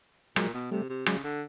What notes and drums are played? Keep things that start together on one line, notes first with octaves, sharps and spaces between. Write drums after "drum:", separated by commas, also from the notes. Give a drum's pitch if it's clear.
A#2 F#3 G#3, drum: rim click
B2
C3 G3 A3
C3
C#3 F#3 G#3, drum: rim click
D3